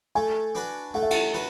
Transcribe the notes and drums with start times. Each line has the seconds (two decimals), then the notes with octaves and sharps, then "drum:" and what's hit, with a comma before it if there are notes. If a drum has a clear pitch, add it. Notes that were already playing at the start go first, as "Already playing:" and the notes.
0.15 A3 G#5
0.55 D4 F#4 B4
0.94 A3 F#5
1.03 E5
1.11 F#5, drum: cymbal
1.34 F#4 B4